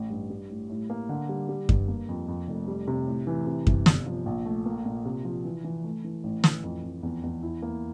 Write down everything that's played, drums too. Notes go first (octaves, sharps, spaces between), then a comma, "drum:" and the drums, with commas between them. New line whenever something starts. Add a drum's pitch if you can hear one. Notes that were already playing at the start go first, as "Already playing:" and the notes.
Already playing: A1
G2
G3
A2
A2
A#3
D3
G3
G3
G2, drum: kick F#2
A#3
F2
F2
F1
G3
C3
A2
E3
C3
C3, drum: kick F#2
G1, drum: snare
F3
A#1
A3
A#3
A#2
C3
F3
E3
E3
A3
E3
A1
E3, drum: snare
F2
F2
E2
E2
E4
A#3